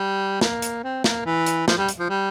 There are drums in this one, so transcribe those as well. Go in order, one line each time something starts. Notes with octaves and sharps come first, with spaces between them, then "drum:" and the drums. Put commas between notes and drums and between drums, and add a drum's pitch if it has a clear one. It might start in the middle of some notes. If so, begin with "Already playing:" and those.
Already playing: G3
A#3, drum: snare
drum: hi-hat
C4
A#3, drum: snare
E3
drum: hi-hat
F3, drum: snare
G3
drum: hi-hat
F3
G3